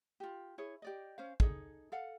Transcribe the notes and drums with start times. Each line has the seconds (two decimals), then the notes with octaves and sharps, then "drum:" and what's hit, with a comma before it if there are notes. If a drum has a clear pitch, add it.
0.20 F4 G4
0.58 E4 G#4 C#5
0.82 G4 D5 D#5
1.18 C#4 C5 F5
1.40 D#4 G#4 A4, drum: kick
1.92 A4 F5 F#5